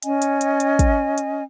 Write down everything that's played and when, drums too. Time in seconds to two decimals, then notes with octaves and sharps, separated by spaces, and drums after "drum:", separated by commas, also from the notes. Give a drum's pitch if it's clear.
0.02 C#4 D#5 G#5, drum: hi-hat
0.22 drum: hi-hat
0.41 drum: hi-hat
0.60 drum: hi-hat
0.79 drum: kick, hi-hat
1.18 drum: hi-hat